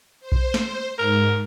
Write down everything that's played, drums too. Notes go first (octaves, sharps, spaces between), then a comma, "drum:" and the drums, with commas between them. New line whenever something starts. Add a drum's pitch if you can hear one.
C5
drum: kick B1
drum: snare
G#2 A#4